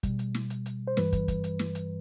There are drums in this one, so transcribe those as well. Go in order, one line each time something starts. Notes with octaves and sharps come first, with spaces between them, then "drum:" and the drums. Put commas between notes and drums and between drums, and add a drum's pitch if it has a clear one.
B2 G3, drum: kick, hi-hat
drum: hi-hat
drum: snare
drum: hi-hat
drum: hi-hat
C5
G2 E3 G3 B4, drum: snare
drum: kick, hi-hat
drum: kick, hi-hat
drum: hi-hat
drum: snare
drum: hi-hat